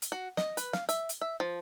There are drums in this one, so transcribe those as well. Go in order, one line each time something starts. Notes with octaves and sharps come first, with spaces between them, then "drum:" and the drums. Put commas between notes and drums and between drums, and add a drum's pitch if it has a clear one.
drum: hi-hat
F#4
D#5, drum: snare
B4, drum: hi-hat
F5, drum: snare
E5, drum: hi-hat
drum: hi-hat
E5
F3